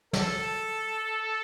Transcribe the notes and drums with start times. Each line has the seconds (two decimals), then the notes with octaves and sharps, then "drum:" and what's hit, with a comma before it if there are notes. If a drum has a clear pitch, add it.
0.13 A4, drum: snare